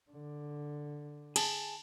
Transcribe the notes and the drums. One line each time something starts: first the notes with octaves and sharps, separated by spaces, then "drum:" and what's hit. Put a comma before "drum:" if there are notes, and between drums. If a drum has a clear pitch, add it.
D3
G#4 A5, drum: cymbal